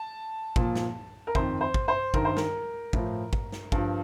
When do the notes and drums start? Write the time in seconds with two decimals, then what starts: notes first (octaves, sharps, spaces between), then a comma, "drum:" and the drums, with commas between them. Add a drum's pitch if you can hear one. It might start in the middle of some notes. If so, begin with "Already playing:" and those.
Already playing: A5
0.56 A#2 F3, drum: kick
0.75 drum: snare
1.27 A#4
1.35 F2 D#3 C5, drum: kick
1.61 C5
1.74 drum: kick
1.88 C5
2.14 G2 D#3 A#4, drum: kick
2.25 C5
2.37 A#4, drum: snare
2.93 A2 F3, drum: kick
3.33 drum: kick
3.52 drum: snare
3.72 G2 F3, drum: kick